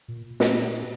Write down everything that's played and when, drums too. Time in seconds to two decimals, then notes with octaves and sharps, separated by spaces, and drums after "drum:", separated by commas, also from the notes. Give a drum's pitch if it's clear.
0.08 A#2
0.40 A#2, drum: snare